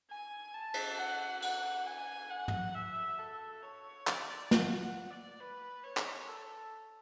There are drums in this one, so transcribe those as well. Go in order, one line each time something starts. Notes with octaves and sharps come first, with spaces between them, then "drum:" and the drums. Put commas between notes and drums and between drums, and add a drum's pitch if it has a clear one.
G#5
A5
drum: cymbal
F#5
F#5, drum: cymbal
G#5
F#5
drum: tom
E5
A4
C#5
D5, drum: clap
F#5, drum: snare
F#5
D5
B4
C#5
drum: clap
A4